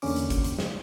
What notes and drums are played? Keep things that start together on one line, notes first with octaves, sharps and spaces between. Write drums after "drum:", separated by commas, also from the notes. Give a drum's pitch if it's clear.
E2 D3 A#3 C#4 D6, drum: open hi-hat
drum: hi-hat
drum: kick, hi-hat
drum: hi-hat
drum: snare